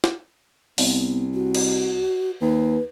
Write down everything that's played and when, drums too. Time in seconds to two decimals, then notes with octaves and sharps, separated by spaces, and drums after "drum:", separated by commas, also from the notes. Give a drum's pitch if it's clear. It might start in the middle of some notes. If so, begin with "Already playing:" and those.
0.04 drum: snare
0.78 C2 B3, drum: open hi-hat
1.34 F#4
1.55 drum: cymbal
2.41 D#2 B4